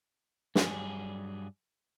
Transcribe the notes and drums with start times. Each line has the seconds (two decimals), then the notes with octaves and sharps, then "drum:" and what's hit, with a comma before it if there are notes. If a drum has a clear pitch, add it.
0.55 G2 F#3 G3 G#4, drum: snare